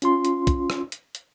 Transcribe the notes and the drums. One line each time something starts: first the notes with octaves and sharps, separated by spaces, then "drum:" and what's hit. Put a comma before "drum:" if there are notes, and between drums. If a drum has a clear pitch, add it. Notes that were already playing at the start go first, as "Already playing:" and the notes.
C#4 F4 C6, drum: hi-hat
drum: hi-hat
drum: kick, hi-hat
drum: rim click
drum: hi-hat
drum: hi-hat